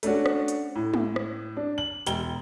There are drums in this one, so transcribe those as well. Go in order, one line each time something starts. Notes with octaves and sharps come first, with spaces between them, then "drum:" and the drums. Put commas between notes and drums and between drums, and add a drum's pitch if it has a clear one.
A3 C#4 D4 F#4, drum: hi-hat
drum: rim click
drum: hi-hat
A2
drum: tom G#3
drum: rim click
D4
F#7
E1 G5 G7, drum: hi-hat